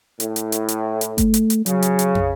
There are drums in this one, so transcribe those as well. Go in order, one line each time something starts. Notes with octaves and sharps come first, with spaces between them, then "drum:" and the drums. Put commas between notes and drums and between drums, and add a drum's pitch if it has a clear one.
A2, drum: hi-hat
drum: hi-hat
drum: hi-hat
drum: hi-hat
drum: hi-hat
A3, drum: kick G1, hi-hat
drum: hi-hat
drum: hi-hat
C#3 F#3, drum: hi-hat
drum: hi-hat
drum: hi-hat
drum: tom